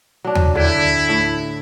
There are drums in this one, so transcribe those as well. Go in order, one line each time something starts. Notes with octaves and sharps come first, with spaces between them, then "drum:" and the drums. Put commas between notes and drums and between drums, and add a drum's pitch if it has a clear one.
F#3 D4
drum: tom
D3 E4 G5
A2